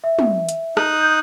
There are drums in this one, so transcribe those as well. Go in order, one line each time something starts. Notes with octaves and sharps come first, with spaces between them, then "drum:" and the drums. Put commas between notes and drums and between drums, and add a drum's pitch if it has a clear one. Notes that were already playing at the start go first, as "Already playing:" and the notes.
E5
drum: tom
drum: hi-hat
D#4 D#6 F#6, drum: rim click
G6